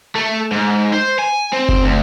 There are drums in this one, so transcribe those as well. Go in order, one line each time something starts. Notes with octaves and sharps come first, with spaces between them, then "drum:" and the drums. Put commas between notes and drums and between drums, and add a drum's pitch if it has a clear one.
A3
G#2
C5
G#5
C4
drum: kick F#1
D2